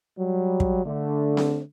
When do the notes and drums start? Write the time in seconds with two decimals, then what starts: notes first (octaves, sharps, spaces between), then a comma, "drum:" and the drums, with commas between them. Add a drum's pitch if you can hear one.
0.18 F#3 G3
0.60 drum: kick
0.86 D3 A3
1.37 drum: snare C4